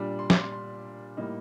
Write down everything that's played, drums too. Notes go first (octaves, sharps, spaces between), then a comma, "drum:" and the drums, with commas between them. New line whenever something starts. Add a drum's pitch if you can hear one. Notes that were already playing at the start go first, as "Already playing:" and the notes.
Already playing: A#2 G3 D4
C6
D6, drum: snare
C6
C6
A2 G3 A#3 D#4